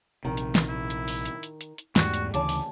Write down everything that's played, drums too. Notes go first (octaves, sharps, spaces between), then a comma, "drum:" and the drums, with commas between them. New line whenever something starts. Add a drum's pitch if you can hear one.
A#1 C3 D#3
drum: hi-hat
drum: snare
E4
drum: hi-hat
drum: open hi-hat
drum: hi-hat
drum: hi-hat
drum: hi-hat
drum: hi-hat
E2 G#2 G3 A3 F#4, drum: snare
drum: hi-hat
D2 C#3 E3 G#4 C#5 A5 D6, drum: hi-hat
drum: open hi-hat